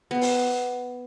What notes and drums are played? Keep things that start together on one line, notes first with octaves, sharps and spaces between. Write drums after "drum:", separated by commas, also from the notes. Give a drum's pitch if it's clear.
B3
drum: open hi-hat